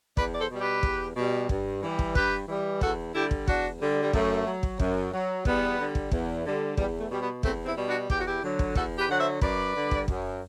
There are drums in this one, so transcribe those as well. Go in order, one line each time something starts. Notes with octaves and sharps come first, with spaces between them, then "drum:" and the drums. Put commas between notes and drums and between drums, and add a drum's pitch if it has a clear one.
E2 B4 D5, drum: kick
D5
A4 C5
B2 G3
G4 B4
E2, drum: kick
B2 G3
G2, drum: kick
E3 G3
drum: kick
G2 G4 B4, drum: kick
E3 G3
E2 F#4 A4, drum: kick
D3 G3 E4 G4
drum: kick
E2 D4 F#4, drum: kick
D3 G3
G3
F#2 A3, drum: kick
F#3
drum: kick
F#2, drum: kick
F#3
E2 G3 B3, drum: kick
D3 G3
drum: kick
E2, drum: kick
D3 G3
E2 G3, drum: kick
A3
B2 G3
G3 B3
E2 A3 C4, drum: kick
C4 E4
B2 G3
D4 F#4
E2 G4, drum: kick
F#4
E4 G4
D3 F#3
drum: kick
E2 F#4 A4, drum: kick
G4 B4
D3 F#3 F#5
C5 E5
F#2 B4 D5, drum: kick
D3 G3
drum: kick
F#2, drum: kick